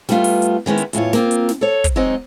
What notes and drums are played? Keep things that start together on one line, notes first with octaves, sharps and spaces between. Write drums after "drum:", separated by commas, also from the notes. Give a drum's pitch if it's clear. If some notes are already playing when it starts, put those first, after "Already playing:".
G3 A3 B3 D4 F4, drum: snare
drum: open hi-hat
drum: hi-hat
D#3 G#3 B3 C#4 E4
drum: hi-hat
E2 A2 F4 C#5, drum: hi-hat
A#3 C4 F4, drum: snare
drum: hi-hat
drum: snare
A4 C#5
drum: kick, hi-hat
F#3 G#3 C4 D#4 D#5 F#5